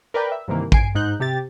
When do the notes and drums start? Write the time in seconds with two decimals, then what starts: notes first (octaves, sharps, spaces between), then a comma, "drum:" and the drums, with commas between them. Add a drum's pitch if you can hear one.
0.14 A#4 B4 D5 G5
0.32 E5
0.48 G2 C3 D#3 E3 A#3
0.72 G#5 C7 D7, drum: kick A1
0.95 G#2 D#4 F#6 G6
1.20 C3 G4 A6